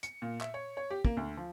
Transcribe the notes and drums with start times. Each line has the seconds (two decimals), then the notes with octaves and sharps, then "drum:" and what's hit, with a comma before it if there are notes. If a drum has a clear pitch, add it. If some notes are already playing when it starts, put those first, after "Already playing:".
0.03 C#7, drum: hi-hat
0.22 A#2
0.41 E5, drum: clap
0.54 C#5
0.77 C#5
0.90 G4
1.05 A#3, drum: kick
1.17 D2
1.37 F3